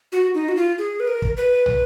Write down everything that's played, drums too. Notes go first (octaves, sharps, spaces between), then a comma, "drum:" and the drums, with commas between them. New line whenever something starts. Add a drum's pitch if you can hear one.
F#4
D#4
F#4
F4
G#4
B4
A#4
drum: kick
B4
drum: tom